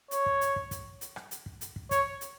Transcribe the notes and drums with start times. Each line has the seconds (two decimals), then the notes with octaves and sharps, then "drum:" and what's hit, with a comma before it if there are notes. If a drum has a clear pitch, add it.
0.11 C#5, drum: hi-hat
0.26 drum: kick
0.41 drum: hi-hat
0.56 drum: kick
0.71 drum: kick, hi-hat
1.01 drum: hi-hat
1.16 drum: rim click
1.31 drum: hi-hat
1.46 drum: kick
1.61 drum: hi-hat
1.76 drum: kick
1.91 C#5, drum: kick, hi-hat
2.21 drum: hi-hat